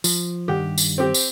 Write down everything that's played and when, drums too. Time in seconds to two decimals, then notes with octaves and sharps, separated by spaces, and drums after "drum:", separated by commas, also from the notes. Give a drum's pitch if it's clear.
0.04 F3, drum: tambourine
0.48 G2 D#3 G4 F#5
0.78 drum: tambourine
0.98 C4 G4
1.14 drum: tambourine